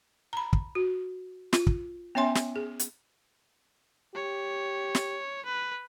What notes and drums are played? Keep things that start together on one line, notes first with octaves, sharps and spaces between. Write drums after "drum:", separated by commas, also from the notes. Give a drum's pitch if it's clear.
A#5 B5
drum: kick
F#4
F4, drum: snare
drum: kick
B3 C#4 C#5 E5 G#5 C6
drum: snare
G#4
drum: hi-hat
G4 C#5
drum: snare
B4